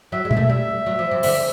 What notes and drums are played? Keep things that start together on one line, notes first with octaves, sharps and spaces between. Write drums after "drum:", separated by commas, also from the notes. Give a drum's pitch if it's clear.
F#3 E5
G#3
E5, drum: tom B2
A3
G3 E5
F#3
F3
C3
D3 E5, drum: open hi-hat